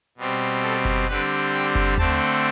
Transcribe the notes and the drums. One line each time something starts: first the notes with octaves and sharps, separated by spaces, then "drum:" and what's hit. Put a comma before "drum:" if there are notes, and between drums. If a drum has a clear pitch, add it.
B2 G3 C4
A4
drum: kick F#1
D3 G3 C4 B4
G5
drum: kick F#1
D3 A3 C4 A5, drum: tom D#2